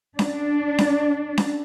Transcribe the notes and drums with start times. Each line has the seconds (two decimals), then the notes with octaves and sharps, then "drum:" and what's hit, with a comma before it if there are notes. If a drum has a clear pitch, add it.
0.19 D4, drum: snare C#4
0.78 drum: snare C#4
1.38 drum: snare C#4